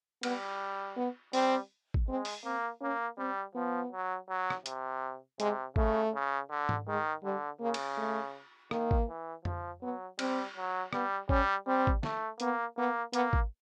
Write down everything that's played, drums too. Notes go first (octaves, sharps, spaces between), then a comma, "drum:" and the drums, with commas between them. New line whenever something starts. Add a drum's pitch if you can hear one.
G3 B3, drum: cymbal
B3
G3 C4, drum: open hi-hat
drum: kick G#1
G#3 C4
drum: open hi-hat
A#3 C4
A#3 C#4
G3 C4
F3 B3
F#3
F#3
drum: rim click
C3, drum: hi-hat
C3 G#3, drum: hi-hat
C#3 A3, drum: kick G#1
C#3
D3
drum: tom G#2
D#3 G#3
D3 G3
C#3 A#3
drum: cymbal
A3
D#3 A#3, drum: rim click
drum: kick G#1
E3
F3, drum: tom F2
F#3 B3
G3 C4, drum: cymbal
F#3
G3 B3, drum: rim click
G3 C#4, drum: kick G#1
G3 C4
drum: kick G#1
A3, drum: snare
A#3 B3, drum: hi-hat
A#3 B3
A#3 B3, drum: hi-hat
drum: kick G#1